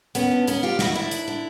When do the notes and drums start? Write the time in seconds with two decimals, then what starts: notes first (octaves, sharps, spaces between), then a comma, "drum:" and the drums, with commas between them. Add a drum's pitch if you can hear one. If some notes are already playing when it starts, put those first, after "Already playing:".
0.15 D#2 B3 C#4, drum: hi-hat
0.31 D3
0.48 D#2 B3 C#4, drum: hi-hat
0.63 D3 F4 G4
0.79 D#2 E4 F#4, drum: snare
0.94 D3 D4 E4
1.11 D#2, drum: hi-hat
1.28 D3